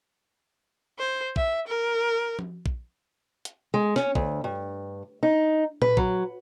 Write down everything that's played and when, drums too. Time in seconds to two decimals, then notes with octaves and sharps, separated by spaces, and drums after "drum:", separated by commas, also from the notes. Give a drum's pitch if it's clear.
0.98 C5
1.36 E5, drum: kick
1.68 A#4
2.39 drum: tom F3
2.66 drum: kick
3.45 drum: hi-hat
3.74 G#3
3.96 C#4, drum: snare
4.15 D2, drum: kick
4.44 G2
5.23 D#4
5.82 B4, drum: tom A#2
5.97 F#3, drum: kick